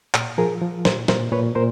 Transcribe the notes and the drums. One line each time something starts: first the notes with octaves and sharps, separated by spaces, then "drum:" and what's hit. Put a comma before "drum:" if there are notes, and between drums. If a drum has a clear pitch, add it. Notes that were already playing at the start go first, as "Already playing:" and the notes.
A#2, drum: clap
F3 G#4 A#4
F3
A#2 A#4 C5, drum: snare
A#2 A#4 C5, drum: snare
A#2 B4 C#5
A#2 A#4 C5